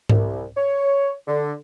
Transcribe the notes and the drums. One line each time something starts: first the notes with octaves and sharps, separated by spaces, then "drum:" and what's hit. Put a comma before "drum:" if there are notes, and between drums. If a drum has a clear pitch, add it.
C2, drum: tom G#2
C#5
D3